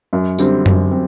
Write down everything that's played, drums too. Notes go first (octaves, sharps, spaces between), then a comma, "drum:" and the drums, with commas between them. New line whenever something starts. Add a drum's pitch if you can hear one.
F#2
D3 G3 C4, drum: tambourine
F#2, drum: tom F#2
C4